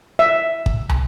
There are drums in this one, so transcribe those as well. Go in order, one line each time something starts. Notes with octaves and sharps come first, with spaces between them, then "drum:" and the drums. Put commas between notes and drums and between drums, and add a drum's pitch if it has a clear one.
E5
drum: kick
drum: tom